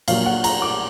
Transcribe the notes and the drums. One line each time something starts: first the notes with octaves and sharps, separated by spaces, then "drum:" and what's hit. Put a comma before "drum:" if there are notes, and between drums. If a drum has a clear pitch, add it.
A#1 A#2 F#3 A#3 F5, drum: cymbal
F#5
A#5, drum: cymbal
D6